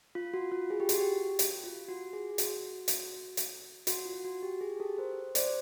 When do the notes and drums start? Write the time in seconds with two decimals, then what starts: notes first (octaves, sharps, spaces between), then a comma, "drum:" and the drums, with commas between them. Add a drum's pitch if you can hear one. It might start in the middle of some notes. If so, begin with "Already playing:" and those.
0.15 F4
0.34 F#4
0.52 F4
0.70 G#4
0.80 G4
0.89 F#4, drum: hi-hat
0.98 G4
1.39 drum: hi-hat
1.64 F4
1.88 F#4
2.13 G#4
2.38 F#4, drum: hi-hat
2.88 drum: hi-hat
3.37 drum: hi-hat
3.87 F#4, drum: hi-hat
4.06 F4
4.24 F#4
4.42 G4
4.61 G#4
4.80 G4 A4
4.98 A#4 C5
5.35 C5 D5, drum: hi-hat